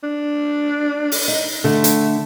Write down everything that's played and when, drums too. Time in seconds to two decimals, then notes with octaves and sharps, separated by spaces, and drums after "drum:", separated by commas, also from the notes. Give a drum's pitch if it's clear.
0.03 D4
1.12 drum: open hi-hat
1.28 D#4
1.64 D3 A3
1.84 drum: hi-hat